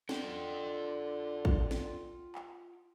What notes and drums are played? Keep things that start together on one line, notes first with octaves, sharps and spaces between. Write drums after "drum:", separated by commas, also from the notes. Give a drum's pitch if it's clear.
D3 F4 G5, drum: snare
drum: kick
drum: snare
drum: clap